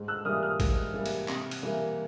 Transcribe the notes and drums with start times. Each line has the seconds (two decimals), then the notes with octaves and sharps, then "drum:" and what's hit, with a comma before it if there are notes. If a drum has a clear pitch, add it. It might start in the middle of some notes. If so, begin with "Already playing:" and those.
Already playing: G#2
0.08 E6 F#6
0.25 E3 G3 A#3 D#6 F6
0.43 D#6 F6
0.60 G#2, drum: kick A1, cymbal
0.94 E3 G3 A#3
1.06 drum: cymbal
1.28 C3, drum: clap
1.51 drum: cymbal
1.63 E3 G3 A#3